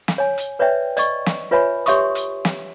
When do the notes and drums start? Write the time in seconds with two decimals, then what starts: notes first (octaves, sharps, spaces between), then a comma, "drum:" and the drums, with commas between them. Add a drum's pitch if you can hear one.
0.08 drum: snare
0.18 C#5 G#5
0.38 drum: hi-hat
0.59 B4 C#5 D5 E5 G5
0.97 D5 D#5 C#6, drum: hi-hat
1.26 drum: snare
1.51 F4 B4 C#5 E5 G#5 B5
1.86 G4 C#5 E5 C6 C#6 D#6, drum: hi-hat
2.15 drum: hi-hat
2.45 drum: snare